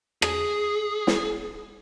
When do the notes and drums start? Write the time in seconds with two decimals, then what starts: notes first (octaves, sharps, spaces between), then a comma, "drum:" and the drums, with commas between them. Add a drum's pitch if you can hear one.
0.22 G#4, drum: rim click
1.07 drum: snare